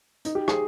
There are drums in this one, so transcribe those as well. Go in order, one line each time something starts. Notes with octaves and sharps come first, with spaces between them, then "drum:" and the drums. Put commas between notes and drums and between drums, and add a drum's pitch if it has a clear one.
D#4, drum: hi-hat
G4
G#4, drum: rim click